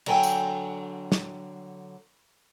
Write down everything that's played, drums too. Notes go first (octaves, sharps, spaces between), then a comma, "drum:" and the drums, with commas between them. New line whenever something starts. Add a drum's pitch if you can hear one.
D3 F#3 A4 G5 G#5, drum: cymbal
drum: tambourine
drum: snare